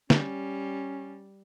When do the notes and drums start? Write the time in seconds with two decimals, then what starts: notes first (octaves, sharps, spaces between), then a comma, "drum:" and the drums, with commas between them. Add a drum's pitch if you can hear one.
0.10 G3 C#4, drum: snare